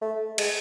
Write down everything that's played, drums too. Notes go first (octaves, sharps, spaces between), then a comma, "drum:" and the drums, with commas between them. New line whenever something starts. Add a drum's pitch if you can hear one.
A3
G#3, drum: cymbal